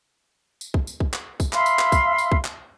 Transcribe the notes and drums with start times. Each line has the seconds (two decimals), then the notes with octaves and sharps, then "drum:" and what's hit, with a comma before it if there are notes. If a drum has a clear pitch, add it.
0.61 drum: tambourine
0.74 drum: kick
0.87 drum: tambourine
1.00 drum: kick
1.14 drum: clap
1.40 drum: kick, tambourine
1.53 E5 F5 B5 C6, drum: clap
1.66 drum: tambourine
1.79 drum: clap
1.92 drum: kick, tambourine
2.18 drum: tambourine
2.32 drum: kick
2.45 drum: clap